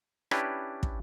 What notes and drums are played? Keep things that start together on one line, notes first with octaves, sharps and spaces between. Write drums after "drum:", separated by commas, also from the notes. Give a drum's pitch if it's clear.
C#4 D4 E4 G4 B4 D5, drum: rim click
drum: kick